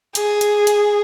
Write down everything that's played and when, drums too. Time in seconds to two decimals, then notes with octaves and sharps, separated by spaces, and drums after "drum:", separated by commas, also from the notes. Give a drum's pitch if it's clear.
0.15 G#4, drum: hi-hat
0.41 drum: hi-hat
0.67 drum: hi-hat